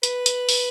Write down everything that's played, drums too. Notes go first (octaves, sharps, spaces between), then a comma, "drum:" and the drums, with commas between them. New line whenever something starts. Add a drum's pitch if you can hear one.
B4, drum: hi-hat
drum: hi-hat
drum: open hi-hat